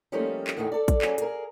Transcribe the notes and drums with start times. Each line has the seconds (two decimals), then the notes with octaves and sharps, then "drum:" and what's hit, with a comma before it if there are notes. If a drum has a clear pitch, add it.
0.12 F3 G3 A3 A#3 C#4 D#4
0.47 drum: clap
0.57 E2 A2 D#3 A3 B3 D#4
0.72 A4 D5
0.88 drum: kick A1, hi-hat
1.02 F#3 C#4 G#4, drum: clap
1.18 G#4 A#4, drum: hi-hat